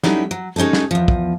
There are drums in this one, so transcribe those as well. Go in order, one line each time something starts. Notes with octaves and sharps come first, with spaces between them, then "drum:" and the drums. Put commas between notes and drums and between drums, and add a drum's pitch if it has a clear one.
F#3 G3 A3 C#4 D#4 E4, drum: snare
F#3
G#3 C#4 D#4 G4 A4
drum: snare
E2 F3
drum: kick